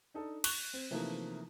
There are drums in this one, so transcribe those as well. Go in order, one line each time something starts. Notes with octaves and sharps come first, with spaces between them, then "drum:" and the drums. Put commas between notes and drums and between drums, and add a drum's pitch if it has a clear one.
D4 D#4 A4
C#6 F#6 F7, drum: cymbal
C4
C3 E3 F3 A3 A#3 D#4